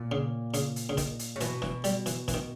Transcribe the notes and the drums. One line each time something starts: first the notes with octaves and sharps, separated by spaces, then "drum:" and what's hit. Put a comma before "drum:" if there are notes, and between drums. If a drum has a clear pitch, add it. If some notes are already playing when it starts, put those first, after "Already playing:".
Already playing: A#2
C#3
C#3, drum: hi-hat
drum: hi-hat
C#3
D#3, drum: kick, hi-hat
drum: hi-hat
C#3
B2 E3, drum: hi-hat
E3, drum: snare
G3, drum: hi-hat
E3, drum: hi-hat
E3, drum: kick, hi-hat
D#3